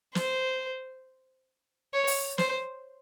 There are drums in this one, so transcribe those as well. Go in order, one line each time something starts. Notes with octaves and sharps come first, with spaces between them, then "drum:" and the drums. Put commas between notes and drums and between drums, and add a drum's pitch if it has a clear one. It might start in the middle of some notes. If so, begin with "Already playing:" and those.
C5, drum: snare
C#5
drum: open hi-hat
C5, drum: snare